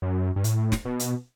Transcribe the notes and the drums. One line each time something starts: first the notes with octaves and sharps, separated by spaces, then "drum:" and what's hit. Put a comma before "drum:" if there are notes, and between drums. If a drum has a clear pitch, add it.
F#2
G2
A2, drum: hi-hat
drum: snare
B2
drum: hi-hat